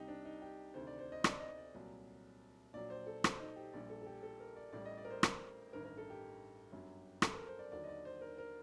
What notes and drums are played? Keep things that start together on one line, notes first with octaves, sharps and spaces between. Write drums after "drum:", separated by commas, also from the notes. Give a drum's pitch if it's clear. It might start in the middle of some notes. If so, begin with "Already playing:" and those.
Already playing: C2 C3 G3 D#4 G4
D4
D#4
G4
D2 C3 D#3 C5
D5
C5
D#5
D5, drum: rim click
D#5
D5
C2 A#2 F#3
A#1 A#2 F#3 D5
C5
A4
C5, drum: rim click
D#4
G4
A#1 A#2 G3 D5
A4
A4
G4
A4
A#4
D5
A1 A2 G3 D5
D#5
D5
A#4
C5
drum: rim click
A1 G2 D#3 A#4
A#4
A4
G4
G1 F#2 F#3
A4, drum: rim click
A#4
C5
D5
D#2 D3 F#3 D5
D#5
D5
C5
A#4
A#4